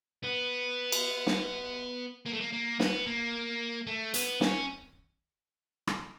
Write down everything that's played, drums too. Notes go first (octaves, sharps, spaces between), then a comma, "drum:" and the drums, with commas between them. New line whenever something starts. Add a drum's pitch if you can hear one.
B3
drum: cymbal
drum: snare
A#3
A3
A#3
A#3
B3, drum: snare
A#3
A3
B3, drum: hi-hat
C#4, drum: snare
drum: rim click